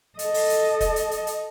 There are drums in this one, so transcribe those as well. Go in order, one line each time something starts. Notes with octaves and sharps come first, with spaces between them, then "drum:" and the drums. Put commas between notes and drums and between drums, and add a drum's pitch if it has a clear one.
A4 D#5, drum: hi-hat
drum: open hi-hat
drum: hi-hat
drum: kick, hi-hat
drum: hi-hat
drum: hi-hat
drum: hi-hat